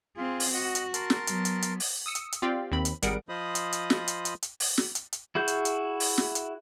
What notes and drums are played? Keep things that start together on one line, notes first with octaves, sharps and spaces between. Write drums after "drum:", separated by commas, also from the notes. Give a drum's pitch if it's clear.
C4 F4 G#4
drum: open hi-hat
F#4 D#5 F#5
drum: hi-hat
A#4 A5 C6, drum: hi-hat
drum: snare
F#3 B3, drum: hi-hat
drum: hi-hat
drum: hi-hat
drum: open hi-hat
D#6 E6 C#7
drum: hi-hat
drum: hi-hat
C4 F4 G4 D5 F5 G5
D#2 D#3 C4 B5
drum: hi-hat
G#1 G3 G#4 A#4 F#5 D7, drum: hi-hat
F3 F4 C5 D#5 B5 D#6
drum: hi-hat
drum: hi-hat
drum: snare
drum: hi-hat
drum: hi-hat
drum: hi-hat
drum: open hi-hat
drum: snare
drum: hi-hat
drum: hi-hat
E4 F#4 G#4 G6
drum: hi-hat
drum: hi-hat
drum: open hi-hat
drum: snare
drum: hi-hat